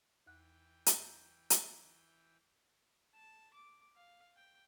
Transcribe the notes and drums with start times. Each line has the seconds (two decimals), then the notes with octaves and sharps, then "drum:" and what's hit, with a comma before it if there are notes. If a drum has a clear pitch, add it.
0.26 E2 E3 F#5 G5 F#6
0.86 drum: hi-hat
1.50 drum: hi-hat
3.14 A5
3.54 D6
3.96 F5
4.36 G5